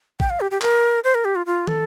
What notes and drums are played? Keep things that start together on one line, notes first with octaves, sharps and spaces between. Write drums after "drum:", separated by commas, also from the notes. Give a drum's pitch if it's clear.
G5, drum: kick
F5
G4
G4
A#4, drum: clap
C5
A#4
G4
F4
F4
A4, drum: tom